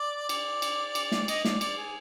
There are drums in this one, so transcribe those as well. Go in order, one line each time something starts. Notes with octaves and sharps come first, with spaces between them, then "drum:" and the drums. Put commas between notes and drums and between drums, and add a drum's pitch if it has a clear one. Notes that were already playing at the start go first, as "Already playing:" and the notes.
Already playing: D5
D5, drum: cymbal
drum: cymbal
drum: cymbal
drum: snare
D#5, drum: cymbal
D5, drum: snare
D5, drum: cymbal
G#4